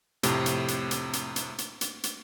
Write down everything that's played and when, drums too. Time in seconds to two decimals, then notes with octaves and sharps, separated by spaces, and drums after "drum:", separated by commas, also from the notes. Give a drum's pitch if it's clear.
0.23 F2 A2 C3, drum: hi-hat
0.46 drum: hi-hat
0.68 drum: hi-hat
0.91 drum: hi-hat
1.13 drum: hi-hat
1.36 drum: hi-hat
1.58 drum: hi-hat
1.81 drum: hi-hat
2.03 drum: hi-hat